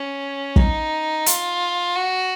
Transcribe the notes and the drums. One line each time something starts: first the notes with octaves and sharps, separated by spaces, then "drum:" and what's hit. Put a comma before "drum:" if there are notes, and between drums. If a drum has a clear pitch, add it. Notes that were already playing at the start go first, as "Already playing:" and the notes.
Already playing: C#4
D#4, drum: kick
F4, drum: hi-hat
F#4